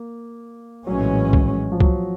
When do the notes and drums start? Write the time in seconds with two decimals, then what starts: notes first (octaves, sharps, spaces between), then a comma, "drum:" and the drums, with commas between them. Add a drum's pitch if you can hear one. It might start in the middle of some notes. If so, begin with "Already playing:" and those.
Already playing: A#3
0.87 A#1 A2 E3 F#3 G#3 C#4
1.33 drum: kick C2
1.72 F3
1.80 F#3, drum: kick C2